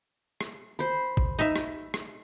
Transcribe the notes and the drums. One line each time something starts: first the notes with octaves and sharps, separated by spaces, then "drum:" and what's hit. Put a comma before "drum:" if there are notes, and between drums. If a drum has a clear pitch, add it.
drum: rim click
C5 B5
drum: kick G#1
D#4 E5
drum: rim click
drum: rim click